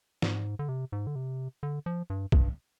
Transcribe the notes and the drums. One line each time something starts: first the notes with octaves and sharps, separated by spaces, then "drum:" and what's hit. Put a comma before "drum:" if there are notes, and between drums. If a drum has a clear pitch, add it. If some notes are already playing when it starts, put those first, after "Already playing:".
G#2, drum: snare
D3
C3
G#2
D3
C3
D3
F3
G2
G2, drum: kick